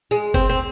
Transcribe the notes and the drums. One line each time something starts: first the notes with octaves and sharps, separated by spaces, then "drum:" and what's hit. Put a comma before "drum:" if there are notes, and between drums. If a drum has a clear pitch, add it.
G#3
C4, drum: kick F#1
C4